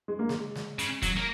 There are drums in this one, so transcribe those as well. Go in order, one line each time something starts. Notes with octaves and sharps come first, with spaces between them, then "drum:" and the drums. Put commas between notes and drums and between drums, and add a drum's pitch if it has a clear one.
G#3
A#3
G#3, drum: snare
drum: snare
C#3, drum: hi-hat
F#3, drum: kick, hi-hat
A#3